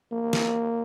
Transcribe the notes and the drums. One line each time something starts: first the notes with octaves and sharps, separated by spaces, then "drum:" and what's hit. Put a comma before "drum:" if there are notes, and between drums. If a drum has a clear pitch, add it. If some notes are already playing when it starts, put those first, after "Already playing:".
A#3
drum: snare